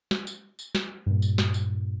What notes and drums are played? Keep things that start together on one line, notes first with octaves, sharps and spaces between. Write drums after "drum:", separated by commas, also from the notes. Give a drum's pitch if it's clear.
drum: snare
drum: tambourine
drum: tambourine
drum: snare
G2 A#2
drum: tambourine
drum: snare
drum: tambourine